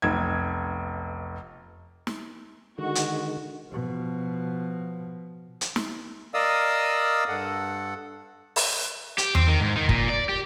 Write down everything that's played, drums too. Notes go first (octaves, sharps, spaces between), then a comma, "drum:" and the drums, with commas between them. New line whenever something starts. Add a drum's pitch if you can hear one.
F1 B1 G#6
drum: snare
D3 D#3 G#3 F#4
drum: hi-hat
B2 F3
drum: hi-hat
drum: snare
A#4 D5 D#5 F5 D#6 E6
G2 A4 F#5
drum: open hi-hat
G4, drum: hi-hat
C4, drum: tom E2
D#3
G#2
D#3
A#2, drum: kick
D5
G4